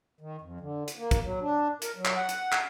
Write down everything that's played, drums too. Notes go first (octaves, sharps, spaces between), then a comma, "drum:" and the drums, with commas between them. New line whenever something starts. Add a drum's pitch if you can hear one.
D#3
F2
D3
drum: hi-hat
A#3
drum: kick, hi-hat
F#3
D4
A#4, drum: hi-hat
F#3
drum: clap
F#5
drum: hi-hat
drum: clap